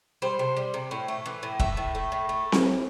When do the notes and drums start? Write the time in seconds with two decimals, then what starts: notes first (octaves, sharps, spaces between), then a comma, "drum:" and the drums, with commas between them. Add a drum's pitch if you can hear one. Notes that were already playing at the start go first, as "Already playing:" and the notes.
0.22 G3 C5
0.39 C3
0.57 G3
0.74 C3
0.91 A2
1.08 A3
1.26 E3
1.43 A2
1.60 A3 E5, drum: kick
1.77 A2
1.95 A3
2.12 A2
2.29 A3
2.52 drum: snare C4